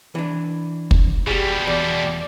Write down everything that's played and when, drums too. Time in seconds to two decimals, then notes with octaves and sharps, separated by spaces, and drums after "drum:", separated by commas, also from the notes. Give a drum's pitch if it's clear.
0.15 E3 D4
0.91 drum: kick
1.27 B2 G3 G4 G#4
1.67 E2 D5